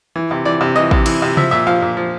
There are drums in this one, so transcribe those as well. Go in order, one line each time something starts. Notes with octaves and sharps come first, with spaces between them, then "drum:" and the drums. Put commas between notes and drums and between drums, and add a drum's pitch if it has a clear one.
E3
C3
E3 D5
C3
E3 D#5
C3, drum: kick
E3, drum: cymbal
C3
F3 E5, drum: tom C3
A#2 E5
F3 F5
A#2
F3